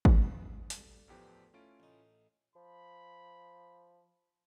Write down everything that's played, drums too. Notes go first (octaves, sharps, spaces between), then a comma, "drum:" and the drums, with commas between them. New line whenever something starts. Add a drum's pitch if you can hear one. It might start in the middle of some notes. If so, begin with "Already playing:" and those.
drum: kick G#1
E5 C6 D#6
D2 G3, drum: hi-hat
A1 E2 F3 B3 G4
A3 C#4 E4 F4 D7
A1 D#4
F3 B5